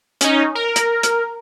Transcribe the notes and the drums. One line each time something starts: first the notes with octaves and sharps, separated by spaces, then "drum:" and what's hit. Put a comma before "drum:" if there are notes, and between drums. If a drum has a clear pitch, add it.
C#4 D#4, drum: hi-hat
A#4
drum: hi-hat
drum: hi-hat